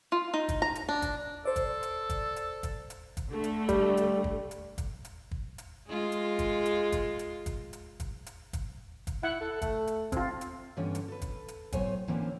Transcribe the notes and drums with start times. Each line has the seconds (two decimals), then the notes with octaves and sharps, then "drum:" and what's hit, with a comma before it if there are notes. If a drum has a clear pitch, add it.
0.12 F4
0.34 D#4
0.49 drum: kick, hi-hat
0.62 A#5
0.75 drum: hi-hat
0.89 D4
1.02 drum: kick, hi-hat
1.45 A4 C5 D5
1.56 drum: kick, hi-hat
1.83 drum: hi-hat
2.10 drum: kick, hi-hat
2.36 drum: hi-hat
2.63 drum: kick, hi-hat
2.90 drum: hi-hat
3.17 drum: kick, hi-hat
3.28 D3 A3
3.44 drum: hi-hat
3.69 G3, drum: kick, hi-hat
3.97 drum: hi-hat
4.24 drum: kick
4.51 drum: hi-hat
4.78 drum: kick, hi-hat
5.05 drum: hi-hat
5.31 drum: kick
5.58 drum: hi-hat
5.88 G#3 F4
6.12 drum: hi-hat
6.39 drum: kick, hi-hat
6.66 drum: hi-hat
6.92 drum: kick, hi-hat
7.19 drum: hi-hat
7.46 drum: kick, hi-hat
7.73 drum: hi-hat
8.00 drum: kick, hi-hat
8.26 drum: hi-hat
8.53 drum: kick, hi-hat
9.07 drum: kick, hi-hat
9.23 E4 F#5
9.41 A4
9.62 A3, drum: kick, hi-hat
9.87 drum: hi-hat
10.12 C4 F4, drum: kick, hi-hat
10.41 drum: hi-hat
10.76 G2 D3 E3 B3 C#4
10.95 drum: hi-hat
11.08 A4 B4
11.22 drum: kick, hi-hat
11.48 drum: hi-hat
11.72 A2 F#3 B3 C5 C#5 G#5, drum: kick, hi-hat
12.08 D2 D3 E3 A#3 C4 C#4